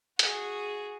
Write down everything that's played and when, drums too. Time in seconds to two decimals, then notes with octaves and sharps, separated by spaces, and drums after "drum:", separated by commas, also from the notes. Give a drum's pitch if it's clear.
0.19 F#4 G#4, drum: hi-hat